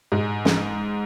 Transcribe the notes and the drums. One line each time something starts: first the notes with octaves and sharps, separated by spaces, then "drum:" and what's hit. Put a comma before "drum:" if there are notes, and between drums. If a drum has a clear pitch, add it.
G#2 G#3
drum: snare